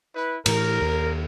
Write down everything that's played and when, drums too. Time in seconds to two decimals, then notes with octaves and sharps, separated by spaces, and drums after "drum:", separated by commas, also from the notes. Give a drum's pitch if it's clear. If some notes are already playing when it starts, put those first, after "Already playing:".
0.16 E4 B4
0.46 A2 E3 A#4, drum: cymbal
0.81 D#2